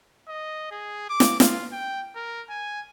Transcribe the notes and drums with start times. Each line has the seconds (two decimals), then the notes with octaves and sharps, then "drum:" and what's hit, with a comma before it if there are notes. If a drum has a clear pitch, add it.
0.28 D#5
0.71 G#4
1.10 D6
1.20 drum: snare
1.40 F4, drum: snare
1.73 G5
2.15 A#4
2.50 G#5